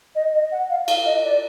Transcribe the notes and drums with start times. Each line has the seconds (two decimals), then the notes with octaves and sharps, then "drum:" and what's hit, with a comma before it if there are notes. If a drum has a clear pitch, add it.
0.15 D#5
0.34 D#5
0.52 F#5
0.70 F5
0.88 F5, drum: cymbal
1.06 D#5
1.25 D5